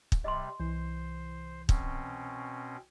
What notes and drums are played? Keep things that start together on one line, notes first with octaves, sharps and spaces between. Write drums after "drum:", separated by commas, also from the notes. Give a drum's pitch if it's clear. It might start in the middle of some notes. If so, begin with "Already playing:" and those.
drum: kick
C3 G3 D#5 C6
C2 E3 C5
B2 C4 C#4, drum: kick